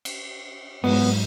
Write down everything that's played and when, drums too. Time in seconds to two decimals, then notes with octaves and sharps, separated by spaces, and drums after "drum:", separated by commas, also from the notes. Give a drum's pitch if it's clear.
0.05 drum: cymbal
0.84 G#2 F#3 B3, drum: cymbal